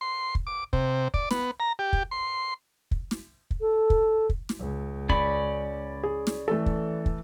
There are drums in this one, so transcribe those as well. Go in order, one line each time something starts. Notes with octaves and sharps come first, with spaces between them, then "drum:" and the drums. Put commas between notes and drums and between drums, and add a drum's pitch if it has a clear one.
C6
drum: kick
D6
C3, drum: kick
D5, drum: kick
B3, drum: snare
A#5
G4
drum: kick
C6
drum: kick
drum: snare
drum: kick
A4
drum: kick
drum: kick
drum: snare
C#2
C#4 D5 B5, drum: kick
G#4
drum: snare
E3 A3 A4
drum: kick
drum: kick